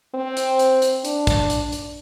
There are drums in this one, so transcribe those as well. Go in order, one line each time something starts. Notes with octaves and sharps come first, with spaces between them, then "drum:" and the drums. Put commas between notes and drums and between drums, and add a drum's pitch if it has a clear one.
C4
drum: hi-hat
drum: hi-hat
drum: hi-hat
D4, drum: hi-hat
drum: kick, hi-hat
drum: hi-hat
drum: hi-hat